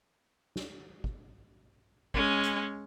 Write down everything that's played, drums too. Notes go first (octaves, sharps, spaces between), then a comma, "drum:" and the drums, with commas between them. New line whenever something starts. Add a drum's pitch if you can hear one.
drum: snare
drum: kick
G#3 C#4, drum: kick
drum: hi-hat